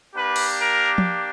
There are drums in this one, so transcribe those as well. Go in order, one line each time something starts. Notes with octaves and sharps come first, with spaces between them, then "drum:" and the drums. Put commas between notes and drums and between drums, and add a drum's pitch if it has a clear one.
A#3 D4 G4 B4
drum: cymbal
A#4
drum: tom F3